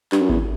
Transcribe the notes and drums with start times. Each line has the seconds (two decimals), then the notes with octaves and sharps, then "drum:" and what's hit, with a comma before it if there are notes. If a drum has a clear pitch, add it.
0.12 G2, drum: clap
0.22 F#2
0.29 E2, drum: kick G#1